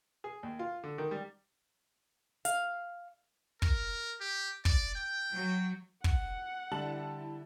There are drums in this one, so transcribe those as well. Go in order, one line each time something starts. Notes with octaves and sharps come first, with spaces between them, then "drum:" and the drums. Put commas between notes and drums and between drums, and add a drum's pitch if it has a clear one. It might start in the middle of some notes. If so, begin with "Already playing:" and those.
G#4
D#2
F4
D3
D#3
G3
F5, drum: hi-hat
A#4, drum: kick
G4
D5, drum: kick
G5
F#3
F#5, drum: kick
D3 G3 E4 D5 A5 F#7